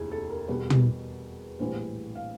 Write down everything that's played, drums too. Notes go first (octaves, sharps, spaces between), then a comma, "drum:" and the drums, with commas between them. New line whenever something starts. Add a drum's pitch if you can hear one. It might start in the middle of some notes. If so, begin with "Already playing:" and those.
Already playing: F1 D#2 E4 G#4
A4
A#4
E2 B2 G3 B4
drum: tom
A#1 A2 E3 G3 C5
F5